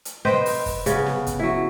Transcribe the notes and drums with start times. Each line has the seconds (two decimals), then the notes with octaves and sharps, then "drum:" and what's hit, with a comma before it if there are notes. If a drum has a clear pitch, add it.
0.05 drum: hi-hat
0.25 B4 C5 D#5 G5, drum: snare
0.46 drum: open hi-hat
0.66 drum: kick, open hi-hat
0.86 C#3 B3, drum: hi-hat
1.06 drum: snare
1.27 drum: kick, hi-hat
1.39 F#3 E4